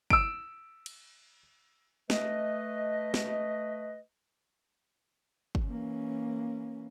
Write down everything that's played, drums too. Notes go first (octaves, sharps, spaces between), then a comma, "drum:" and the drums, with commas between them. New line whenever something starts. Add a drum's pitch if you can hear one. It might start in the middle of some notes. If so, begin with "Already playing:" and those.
E6 D7, drum: kick
drum: cymbal
A3 B4 D#5, drum: snare
drum: snare
drum: kick
E3 A#3 C#4